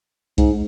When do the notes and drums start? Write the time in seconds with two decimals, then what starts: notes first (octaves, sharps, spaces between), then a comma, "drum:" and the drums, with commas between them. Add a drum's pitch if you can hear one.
0.38 G#2, drum: kick B1, hi-hat